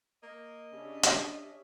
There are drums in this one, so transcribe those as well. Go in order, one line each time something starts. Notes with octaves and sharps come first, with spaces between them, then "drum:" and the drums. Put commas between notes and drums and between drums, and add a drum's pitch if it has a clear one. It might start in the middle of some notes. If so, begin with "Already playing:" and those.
A#3 D#5
C#3 C#4 D4 G4 E5
drum: hi-hat